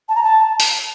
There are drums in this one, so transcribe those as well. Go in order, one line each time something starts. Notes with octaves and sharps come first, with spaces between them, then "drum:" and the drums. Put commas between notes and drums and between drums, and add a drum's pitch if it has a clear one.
A5
A#5
A5
drum: open hi-hat